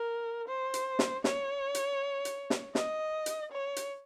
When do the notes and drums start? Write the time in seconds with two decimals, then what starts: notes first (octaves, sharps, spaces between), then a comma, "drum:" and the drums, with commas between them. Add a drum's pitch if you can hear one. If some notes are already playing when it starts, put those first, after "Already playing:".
Already playing: A#4
0.48 C5
0.74 drum: hi-hat
0.99 drum: snare
1.24 C#5, drum: snare
1.75 drum: hi-hat
2.25 drum: hi-hat
2.50 drum: snare
2.75 D#5, drum: snare
3.26 drum: hi-hat
3.51 C#5
3.76 drum: hi-hat